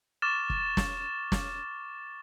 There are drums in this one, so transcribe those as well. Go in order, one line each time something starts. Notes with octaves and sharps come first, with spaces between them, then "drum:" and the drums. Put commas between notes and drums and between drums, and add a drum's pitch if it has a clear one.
C#6 D6 F6 A6 E7 G7
drum: kick
drum: snare
drum: snare